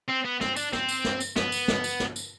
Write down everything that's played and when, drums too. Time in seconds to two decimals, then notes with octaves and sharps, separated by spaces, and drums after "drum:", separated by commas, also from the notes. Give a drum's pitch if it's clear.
0.09 C4
0.25 B3
0.41 C4, drum: snare
0.56 D4, drum: tambourine
0.73 C4, drum: snare
0.89 drum: tambourine
1.04 drum: snare
1.20 drum: tambourine
1.36 B3, drum: snare
1.52 drum: tambourine
1.68 drum: snare
1.84 drum: tambourine
2.00 drum: snare
2.16 drum: tambourine